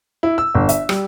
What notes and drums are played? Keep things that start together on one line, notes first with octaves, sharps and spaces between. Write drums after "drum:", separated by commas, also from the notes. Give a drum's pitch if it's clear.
E4
E6
G1
E5, drum: hi-hat
G3, drum: rim click